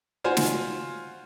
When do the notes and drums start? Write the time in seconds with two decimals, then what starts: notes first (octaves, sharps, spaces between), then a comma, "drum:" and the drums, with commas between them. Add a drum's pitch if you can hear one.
0.24 F4 F#4 C5 G#5
0.37 drum: snare